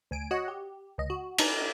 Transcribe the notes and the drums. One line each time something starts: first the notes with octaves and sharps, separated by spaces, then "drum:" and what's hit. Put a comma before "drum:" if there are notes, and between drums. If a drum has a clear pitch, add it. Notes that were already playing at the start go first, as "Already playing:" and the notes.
D2 G#5 D7
F#4 C#5 D#5 F#5
G4
C#2 D#5
F#4
D4 D#4 B4 G#5 A#5, drum: cymbal